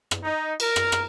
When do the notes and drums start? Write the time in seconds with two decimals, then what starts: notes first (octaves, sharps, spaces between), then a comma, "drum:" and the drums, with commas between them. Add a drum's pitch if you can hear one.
0.11 drum: rim click
0.24 D#4
0.60 A#4, drum: cymbal
0.76 drum: rim click
0.92 drum: rim click